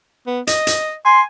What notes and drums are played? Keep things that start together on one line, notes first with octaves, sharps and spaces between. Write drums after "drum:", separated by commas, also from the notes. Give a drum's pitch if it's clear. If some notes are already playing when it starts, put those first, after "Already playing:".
B3
D#5, drum: hi-hat
drum: hi-hat
G#5 C6